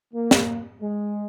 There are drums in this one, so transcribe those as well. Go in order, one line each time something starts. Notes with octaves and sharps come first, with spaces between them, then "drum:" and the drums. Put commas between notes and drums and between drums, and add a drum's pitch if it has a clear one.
A#3
drum: snare
G#3